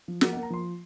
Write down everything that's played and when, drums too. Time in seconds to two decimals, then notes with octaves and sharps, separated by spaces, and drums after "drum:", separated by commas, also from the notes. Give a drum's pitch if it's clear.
0.08 F3
0.21 A#3 F#5, drum: snare
0.33 F#5
0.37 A#3
0.43 A#5
0.50 F3 C6